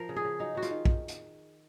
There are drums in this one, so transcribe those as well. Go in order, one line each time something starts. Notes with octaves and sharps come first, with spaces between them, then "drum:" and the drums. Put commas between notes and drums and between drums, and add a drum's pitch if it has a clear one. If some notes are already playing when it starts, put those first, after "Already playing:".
Already playing: F3 A#4
C#3
G#4
C#3
F#3 D#4
D#3 F#4
F4, drum: hi-hat
D#3
drum: kick
drum: hi-hat